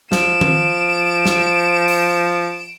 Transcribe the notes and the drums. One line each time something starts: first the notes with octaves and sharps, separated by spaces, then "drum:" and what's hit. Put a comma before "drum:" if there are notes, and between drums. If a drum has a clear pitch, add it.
F3 D7 E7, drum: snare
drum: tom D#3
drum: snare
drum: open hi-hat